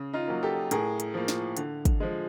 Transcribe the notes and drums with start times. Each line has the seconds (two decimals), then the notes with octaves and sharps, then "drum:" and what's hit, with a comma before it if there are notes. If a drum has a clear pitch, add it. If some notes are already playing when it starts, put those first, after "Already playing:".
Already playing: C#3
0.13 D#4 F4
0.28 F#3 A#3
0.43 G4 A4
0.71 A2 G#4 A#4, drum: hi-hat
1.00 drum: hi-hat
1.14 F3 A#3
1.28 drum: snare
1.57 D3, drum: hi-hat
1.85 drum: kick, hi-hat
2.00 F3 G#3